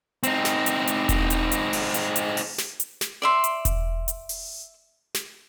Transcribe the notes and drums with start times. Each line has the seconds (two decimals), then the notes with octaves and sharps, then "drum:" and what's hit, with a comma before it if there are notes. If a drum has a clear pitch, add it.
0.23 C4 D#4, drum: hi-hat
0.45 drum: snare
0.66 drum: hi-hat
0.87 drum: hi-hat
1.09 drum: kick E1, hi-hat
1.30 drum: hi-hat
1.52 drum: hi-hat
1.73 drum: open hi-hat
1.94 drum: hi-hat
2.16 drum: hi-hat
2.37 drum: open hi-hat
2.58 drum: snare
2.80 drum: hi-hat
3.01 drum: snare
3.22 D5 E5 C6
3.44 drum: hi-hat
3.65 drum: kick E1, hi-hat
4.08 drum: hi-hat
4.29 drum: open hi-hat
5.14 drum: snare